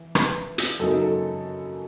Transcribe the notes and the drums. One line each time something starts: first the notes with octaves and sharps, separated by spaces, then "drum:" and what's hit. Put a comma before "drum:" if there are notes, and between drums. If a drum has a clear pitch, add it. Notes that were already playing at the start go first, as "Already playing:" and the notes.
Already playing: E3
B4, drum: rim click
drum: hi-hat
F#2 C#3 F#3 A#3 D#4 A4
A4